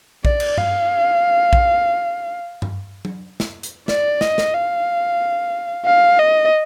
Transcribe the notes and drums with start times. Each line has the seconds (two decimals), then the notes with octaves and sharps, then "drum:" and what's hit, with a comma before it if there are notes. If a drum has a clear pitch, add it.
0.25 D5, drum: kick A#1
0.40 drum: cymbal
0.57 F5, drum: tom G2
1.53 drum: kick A#1
2.62 drum: tom G2
3.05 drum: tom F#3
3.40 drum: snare
3.63 drum: hi-hat
3.88 D5, drum: snare
4.21 D#5, drum: snare
4.38 drum: snare
4.54 F5
5.86 F5
6.19 D#5